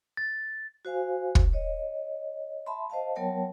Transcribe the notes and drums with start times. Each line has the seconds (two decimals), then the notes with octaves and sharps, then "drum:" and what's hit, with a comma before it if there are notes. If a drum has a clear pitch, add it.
0.17 A6
0.85 F#4 C5 F5 G#5
1.35 drum: kick
1.53 C#5 D#5
2.66 E5 A5 B5 C6
2.90 C5 D#5 F5 A5
3.16 F#3 B3 A#4 C#5 G5 A5